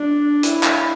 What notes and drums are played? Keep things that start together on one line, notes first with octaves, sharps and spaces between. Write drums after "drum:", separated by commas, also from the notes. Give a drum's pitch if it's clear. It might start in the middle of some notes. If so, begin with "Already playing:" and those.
Already playing: D4
E4, drum: hi-hat
drum: clap